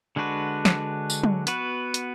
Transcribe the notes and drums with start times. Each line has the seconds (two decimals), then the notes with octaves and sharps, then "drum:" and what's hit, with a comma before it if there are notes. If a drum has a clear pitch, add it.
0.16 D3 G#3 D4 F#4 B4
0.65 drum: snare
1.10 drum: tambourine
1.23 drum: tom
1.47 B3 F#4 B4, drum: hi-hat
1.94 drum: hi-hat